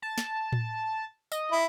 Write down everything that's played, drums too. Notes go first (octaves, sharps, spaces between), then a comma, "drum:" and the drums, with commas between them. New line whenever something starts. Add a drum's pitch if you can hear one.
A5
drum: snare
drum: tom A2
D#5, drum: tambourine
E4